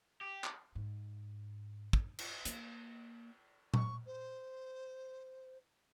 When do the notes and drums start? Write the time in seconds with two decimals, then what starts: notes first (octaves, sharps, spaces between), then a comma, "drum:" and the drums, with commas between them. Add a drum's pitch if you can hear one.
0.21 G4
0.44 drum: clap
0.75 G#2
1.93 drum: kick
2.19 drum: cymbal
2.45 A#3, drum: hi-hat
3.74 C#6, drum: tom A#2
4.07 C5